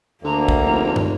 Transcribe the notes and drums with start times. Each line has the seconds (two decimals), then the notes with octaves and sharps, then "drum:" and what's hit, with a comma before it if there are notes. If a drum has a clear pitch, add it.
0.24 D2 D3 A#3 A#5
0.48 drum: kick
0.64 F1
0.96 drum: tom